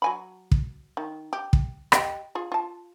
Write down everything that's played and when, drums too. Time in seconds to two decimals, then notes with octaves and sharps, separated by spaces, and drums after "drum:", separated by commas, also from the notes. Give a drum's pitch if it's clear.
0.02 F#3 G#5 B5
0.52 drum: kick
0.97 D#3
1.33 G4
1.53 drum: kick
1.92 G4 D#5 G5, drum: rim click
2.35 F4 G#4
2.52 F4 A5